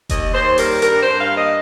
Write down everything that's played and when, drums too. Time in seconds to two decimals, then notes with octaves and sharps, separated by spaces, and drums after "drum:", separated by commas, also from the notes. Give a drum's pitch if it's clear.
0.09 D#2 D#5, drum: kick F1, hi-hat
0.34 D#2 C5
0.58 G3 A#4, drum: open hi-hat
0.82 G2 A#4, drum: hi-hat
1.01 G2 C5
1.19 F5
1.32 A#3 D#5